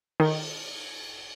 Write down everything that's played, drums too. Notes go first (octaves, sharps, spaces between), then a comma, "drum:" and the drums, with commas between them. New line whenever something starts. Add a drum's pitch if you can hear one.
D#3, drum: cymbal